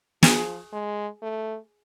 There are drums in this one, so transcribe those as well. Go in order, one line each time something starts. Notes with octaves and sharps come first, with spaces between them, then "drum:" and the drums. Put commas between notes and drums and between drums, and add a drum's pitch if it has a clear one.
F3 G#4, drum: snare
G#3
A3